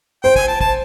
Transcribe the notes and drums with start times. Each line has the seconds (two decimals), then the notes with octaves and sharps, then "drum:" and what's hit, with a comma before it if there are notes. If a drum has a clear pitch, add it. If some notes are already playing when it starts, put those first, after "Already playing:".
0.23 C5 G5
0.36 G#5, drum: kick
0.48 A5
0.61 A5, drum: kick